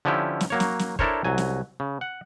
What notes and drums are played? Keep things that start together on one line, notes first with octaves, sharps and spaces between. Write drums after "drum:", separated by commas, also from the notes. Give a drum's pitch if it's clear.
D3 F3 C#4 E4 G4
drum: snare
F#3 A#3 C#5
drum: snare
drum: snare
D4 E4 A4 A#4 C5 C#5, drum: kick
C2 F#3 G#5
drum: snare
C#3
F#5